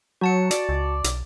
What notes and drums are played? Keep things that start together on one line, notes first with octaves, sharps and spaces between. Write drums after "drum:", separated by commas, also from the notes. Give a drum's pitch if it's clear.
F#3 F#4 A5 C#7
D5, drum: hi-hat
C#2
B1, drum: hi-hat